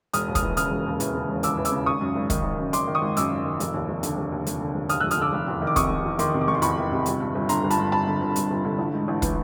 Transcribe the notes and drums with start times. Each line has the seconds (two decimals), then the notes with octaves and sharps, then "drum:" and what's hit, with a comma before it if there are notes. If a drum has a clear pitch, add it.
0.13 E1 D#6 F6, drum: hi-hat
0.28 D#2
0.35 D#6 F6, drum: kick, hi-hat
0.42 E3
0.57 C#3 D#6 F6, drum: hi-hat
0.71 E1
0.86 D#2
1.00 E3, drum: hi-hat
1.15 C#3
1.29 E1
1.43 D#2 D6 E6, drum: hi-hat
1.57 E3
1.65 D6 E6, drum: hi-hat
1.72 C#3
1.86 G#1 C#6 D#6
2.01 F#2
2.16 G#1
2.30 D#3, drum: kick, hi-hat
2.44 G#1
2.59 F#2
2.73 G#1 C6 D6, drum: hi-hat
2.87 D#3
2.95 C#6 D#6
3.02 G#1
3.17 F#2 D6 E6, drum: hi-hat
3.31 G#1
3.45 D#3
3.60 F1, drum: hi-hat
3.74 D#2
3.89 F1
4.03 D3, drum: hi-hat
4.17 F1
4.32 D#2
4.47 F1, drum: hi-hat
4.61 D3
4.75 F1
4.89 D#2 D#6 F6, drum: hi-hat
5.00 F1 E6 F#6
5.11 D#6 F6, drum: hi-hat
5.18 D3 D6 E6
5.33 F1
5.47 E2
5.62 D#3
5.67 D6
5.76 C3 C#6 D#6, drum: kick, hi-hat
5.90 F1
6.05 E2
6.19 D#3 C6 D6, drum: hi-hat
6.33 C3
6.41 D6
6.48 F1 C#6
6.55 C6
6.62 E2 B5 C#6, drum: hi-hat
6.77 D#3
6.91 C3
7.06 G1, drum: hi-hat
7.20 G2
7.35 G1
7.49 D3 A#5 C6, drum: hi-hat
7.64 G1
7.70 A5 B5, drum: hi-hat
7.78 G2
7.92 G1 A5 B5
8.07 D3
8.21 G1
8.36 G2, drum: hi-hat
8.51 G1
8.65 D3
8.78 A1
8.94 G#2
9.08 A1
9.22 E3, drum: kick, hi-hat